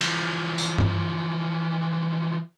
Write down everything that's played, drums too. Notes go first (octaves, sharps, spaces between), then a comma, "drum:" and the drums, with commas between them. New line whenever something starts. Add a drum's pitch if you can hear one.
E3 F3, drum: cymbal
drum: tambourine
drum: tom G2